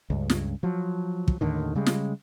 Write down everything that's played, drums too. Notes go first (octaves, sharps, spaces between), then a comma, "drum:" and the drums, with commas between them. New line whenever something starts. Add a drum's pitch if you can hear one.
C#2 G2
drum: snare
F3 F#3
drum: kick
D#2 A2 D3 D#3
C#3 G3 G#3
drum: snare